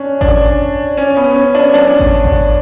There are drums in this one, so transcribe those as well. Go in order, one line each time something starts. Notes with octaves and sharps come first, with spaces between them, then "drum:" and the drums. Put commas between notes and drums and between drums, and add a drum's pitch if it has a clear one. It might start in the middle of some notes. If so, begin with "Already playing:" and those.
Already playing: C#4 D4
D4, drum: kick G#1
C#4
B3
C#4
D4
D4, drum: snare
drum: kick G#1
drum: kick G#1